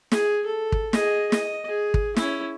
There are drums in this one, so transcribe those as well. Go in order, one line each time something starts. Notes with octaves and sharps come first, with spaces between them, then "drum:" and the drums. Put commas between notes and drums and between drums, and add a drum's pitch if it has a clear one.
G#4, drum: snare
A4
drum: kick
G#4 D#5, drum: snare
D#5, drum: snare
G#4
drum: kick
C#4 E4, drum: snare